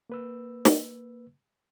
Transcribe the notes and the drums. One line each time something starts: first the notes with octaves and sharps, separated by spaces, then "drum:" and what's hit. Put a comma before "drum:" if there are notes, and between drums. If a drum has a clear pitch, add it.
A#3 B4 E6
drum: snare